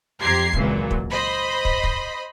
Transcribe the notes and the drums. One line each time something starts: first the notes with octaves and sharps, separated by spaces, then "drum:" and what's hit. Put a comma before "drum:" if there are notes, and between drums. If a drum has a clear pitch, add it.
F2 G4 A#5 C6 G#6 C7
G#1 C#2 A#2 E3 F#3, drum: kick
drum: kick
C5 D#5 B5
drum: kick
drum: kick